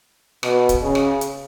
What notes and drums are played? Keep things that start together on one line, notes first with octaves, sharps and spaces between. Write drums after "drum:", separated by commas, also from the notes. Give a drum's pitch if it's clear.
B2, drum: rim click
drum: kick, hi-hat
C#3
drum: rim click
drum: hi-hat